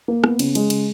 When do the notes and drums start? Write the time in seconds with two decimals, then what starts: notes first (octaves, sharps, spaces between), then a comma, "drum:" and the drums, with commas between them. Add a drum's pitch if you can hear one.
0.08 A#3
0.24 B3, drum: rim click
0.39 C#3, drum: cymbal
0.55 G#3, drum: cymbal
0.70 C#3, drum: cymbal